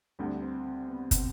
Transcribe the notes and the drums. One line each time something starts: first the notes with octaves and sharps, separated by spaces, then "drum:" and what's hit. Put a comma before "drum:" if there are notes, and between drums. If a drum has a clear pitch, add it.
D2 D3 G3 C4
C4
C4
B3
C4, drum: kick, hi-hat